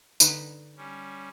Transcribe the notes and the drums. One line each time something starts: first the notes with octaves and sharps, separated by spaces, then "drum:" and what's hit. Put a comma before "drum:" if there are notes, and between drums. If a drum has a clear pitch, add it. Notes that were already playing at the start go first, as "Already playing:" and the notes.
D3 D#4 B4, drum: tambourine
G3 C#4